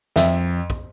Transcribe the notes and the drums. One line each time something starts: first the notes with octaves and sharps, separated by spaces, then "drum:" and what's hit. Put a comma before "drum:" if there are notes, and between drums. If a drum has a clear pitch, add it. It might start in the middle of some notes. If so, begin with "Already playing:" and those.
F2 E5, drum: snare
drum: kick